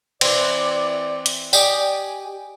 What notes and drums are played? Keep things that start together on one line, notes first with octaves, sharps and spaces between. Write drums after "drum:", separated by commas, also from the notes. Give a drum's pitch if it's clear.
E3 C4 D5, drum: cymbal
drum: hi-hat
G4 D5 D#5 G#5, drum: tambourine